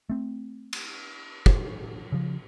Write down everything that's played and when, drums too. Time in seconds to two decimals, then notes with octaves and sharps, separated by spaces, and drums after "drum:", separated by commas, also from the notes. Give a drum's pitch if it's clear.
0.10 A3 C4
0.73 drum: cymbal
1.46 drum: kick
2.12 C#3 F3